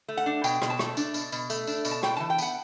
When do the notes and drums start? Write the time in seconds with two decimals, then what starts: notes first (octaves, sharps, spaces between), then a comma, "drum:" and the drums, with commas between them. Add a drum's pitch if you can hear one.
0.08 A3
0.17 F#5
0.26 D4
0.44 B2 G5, drum: tambourine
0.62 B2, drum: rim click
0.70 A5
0.79 A3, drum: rim click
0.97 D4, drum: tambourine
1.14 B2, drum: tambourine
1.32 B2, drum: tambourine
1.50 A3, drum: tambourine
1.67 D4, drum: tambourine
1.85 B2, drum: tambourine
1.91 A5
2.03 A2 G5, drum: rim click
2.17 E3 A5
2.30 G5
2.38 B3 F#5, drum: tambourine